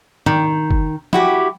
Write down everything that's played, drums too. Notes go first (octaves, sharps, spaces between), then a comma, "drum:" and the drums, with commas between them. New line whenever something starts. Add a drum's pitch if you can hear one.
D#3, drum: tom G#2
drum: kick F#1
E4 F#4 G4, drum: tom F3